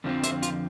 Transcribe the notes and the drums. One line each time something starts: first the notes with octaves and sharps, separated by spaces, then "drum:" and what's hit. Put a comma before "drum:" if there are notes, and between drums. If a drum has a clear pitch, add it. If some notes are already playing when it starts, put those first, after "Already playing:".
F2 D3 F3 A3 C4
C5 E5, drum: hi-hat
F4, drum: hi-hat